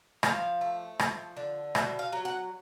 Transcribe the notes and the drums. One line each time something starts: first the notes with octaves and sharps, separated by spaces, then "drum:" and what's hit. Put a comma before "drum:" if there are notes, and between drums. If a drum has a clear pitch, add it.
F3 F5, drum: rim click
A3
F3, drum: rim click
D3
B2 E5, drum: rim click
F5
F#3
F#5